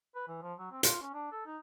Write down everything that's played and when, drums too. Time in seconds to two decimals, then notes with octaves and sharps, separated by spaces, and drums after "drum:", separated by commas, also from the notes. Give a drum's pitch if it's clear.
0.15 B4
0.28 E3
0.42 F3
0.59 F#3
0.71 C4
0.83 F4, drum: hi-hat
1.02 C#4
1.14 D4
1.32 A4
1.46 D#4